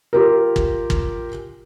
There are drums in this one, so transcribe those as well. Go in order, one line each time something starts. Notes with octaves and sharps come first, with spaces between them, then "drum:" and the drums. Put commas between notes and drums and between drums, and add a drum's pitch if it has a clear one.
F4 G4 A#4
drum: kick
drum: kick